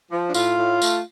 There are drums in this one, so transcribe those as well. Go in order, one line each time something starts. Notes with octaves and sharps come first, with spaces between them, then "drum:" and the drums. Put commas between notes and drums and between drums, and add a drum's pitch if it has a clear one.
F3
D4
A2 F4, drum: tambourine
A2
A3, drum: tambourine